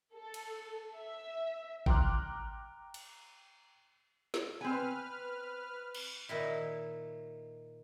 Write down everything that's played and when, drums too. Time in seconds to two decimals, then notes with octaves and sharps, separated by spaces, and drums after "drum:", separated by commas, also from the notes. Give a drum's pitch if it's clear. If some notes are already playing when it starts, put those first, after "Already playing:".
0.14 A4
0.34 drum: cymbal
0.95 E5
1.86 G5 A#5 C6 D6 F6 F#6, drum: kick G#1
2.94 drum: cymbal
4.34 drum: snare
4.61 C4 B4 G#5 F6
5.95 drum: cymbal
6.29 A#2 D#3 E4